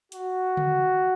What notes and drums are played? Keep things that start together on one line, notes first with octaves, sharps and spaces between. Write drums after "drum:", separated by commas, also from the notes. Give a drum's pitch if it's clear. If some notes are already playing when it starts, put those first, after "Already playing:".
F#4, drum: hi-hat
drum: tom C#3